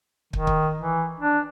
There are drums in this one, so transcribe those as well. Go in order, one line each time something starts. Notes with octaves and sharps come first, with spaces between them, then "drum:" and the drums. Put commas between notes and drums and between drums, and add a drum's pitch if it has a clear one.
D#3, drum: kick
drum: kick
E3
D4